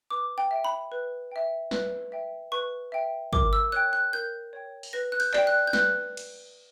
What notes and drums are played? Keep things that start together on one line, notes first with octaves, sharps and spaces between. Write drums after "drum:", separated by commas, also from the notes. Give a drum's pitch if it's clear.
B4 D6
G5
E5 G5
B5
B4
E5 G5
B4, drum: snare
E5 G5
B4 C#6
E5 G5
A#4 D6, drum: kick
E6
C#5 G5 F#6
F#6
A#4 G6
C#5 G5
drum: open hi-hat
B4 A#6
F#6
G6, drum: cymbal
D5 G5, drum: clap
F#6
G6
B4 F#6, drum: snare
drum: cymbal